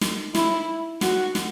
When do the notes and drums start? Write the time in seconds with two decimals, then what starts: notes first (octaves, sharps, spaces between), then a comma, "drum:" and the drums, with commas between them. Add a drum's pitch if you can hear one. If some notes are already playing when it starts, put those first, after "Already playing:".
0.01 drum: snare
0.35 E4, drum: snare
1.01 F#4, drum: snare
1.35 drum: snare